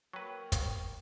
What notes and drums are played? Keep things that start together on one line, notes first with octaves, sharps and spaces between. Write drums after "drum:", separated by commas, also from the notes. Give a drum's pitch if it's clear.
F#3 A#3 A#4 B4 G5 C#6
drum: kick, hi-hat